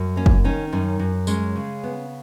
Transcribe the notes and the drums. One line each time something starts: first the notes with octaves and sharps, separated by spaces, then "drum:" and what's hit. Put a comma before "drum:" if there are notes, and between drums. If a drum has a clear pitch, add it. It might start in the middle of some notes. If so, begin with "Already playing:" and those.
Already playing: F#2
A#3 C#4
drum: kick
D#3 C#4
F#2 C#4
F#2
G#3 C#4, drum: tambourine
C#3
B3